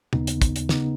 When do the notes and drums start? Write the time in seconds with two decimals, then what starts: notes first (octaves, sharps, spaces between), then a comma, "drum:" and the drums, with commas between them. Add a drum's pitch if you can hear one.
0.13 D#2 C#3 B3 D#4, drum: tom
0.27 drum: hi-hat
0.42 drum: kick, hi-hat
0.56 drum: hi-hat
0.69 C#3 B3 D#4, drum: snare